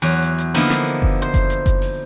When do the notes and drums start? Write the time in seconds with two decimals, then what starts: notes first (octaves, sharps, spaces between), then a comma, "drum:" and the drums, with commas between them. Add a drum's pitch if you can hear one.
0.02 E2 F#3
0.22 drum: hi-hat
0.38 drum: hi-hat
0.54 D3 F3 A#3 B3 D#4 E4, drum: open hi-hat
0.70 drum: snare
0.86 drum: hi-hat
1.02 drum: kick F#1
1.22 C5
1.34 drum: kick F#1, hi-hat
1.50 drum: hi-hat
1.66 drum: kick F#1, hi-hat
1.82 drum: open hi-hat